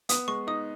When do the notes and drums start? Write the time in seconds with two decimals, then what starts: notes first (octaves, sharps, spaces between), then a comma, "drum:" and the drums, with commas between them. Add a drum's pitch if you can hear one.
0.09 B3 D#6, drum: hi-hat
0.28 G#3 C#6
0.47 D#4 D#6